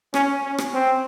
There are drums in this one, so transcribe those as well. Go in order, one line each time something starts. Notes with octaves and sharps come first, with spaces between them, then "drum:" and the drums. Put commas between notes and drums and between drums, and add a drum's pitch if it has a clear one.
C#4, drum: rim click
C#4
drum: rim click
C4